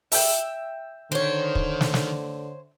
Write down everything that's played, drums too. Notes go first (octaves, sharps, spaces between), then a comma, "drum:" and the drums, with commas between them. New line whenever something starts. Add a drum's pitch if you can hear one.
E5 G5, drum: open hi-hat
D3 D#3 C5 C#5
drum: kick
drum: snare
drum: snare